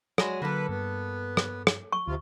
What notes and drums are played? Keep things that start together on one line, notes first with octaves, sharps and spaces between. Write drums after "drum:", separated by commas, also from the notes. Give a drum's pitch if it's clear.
F#3 G#3 G#4 C#5 D5 B5, drum: rim click
D3 F#3 A#3 A4 B4
G2 B3
drum: rim click
drum: rim click
C#6
D2 C3 F4